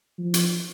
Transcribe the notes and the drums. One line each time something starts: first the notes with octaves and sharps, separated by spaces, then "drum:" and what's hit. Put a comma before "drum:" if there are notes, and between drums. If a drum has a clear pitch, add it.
F3
drum: hi-hat